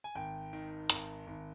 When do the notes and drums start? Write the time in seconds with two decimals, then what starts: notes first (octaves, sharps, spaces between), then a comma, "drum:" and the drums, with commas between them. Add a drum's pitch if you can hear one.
0.04 G#5
0.15 G#1 G5
0.53 D#3
0.90 G#1 A#5, drum: hi-hat
1.27 G#1